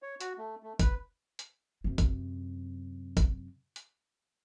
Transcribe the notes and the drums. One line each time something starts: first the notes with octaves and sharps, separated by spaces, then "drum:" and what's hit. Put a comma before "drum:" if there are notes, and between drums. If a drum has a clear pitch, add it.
C#5
F#4, drum: hi-hat
A3
A3
B4, drum: kick, hi-hat
drum: hi-hat
F#2 C3
drum: kick, hi-hat
drum: kick, hi-hat
drum: hi-hat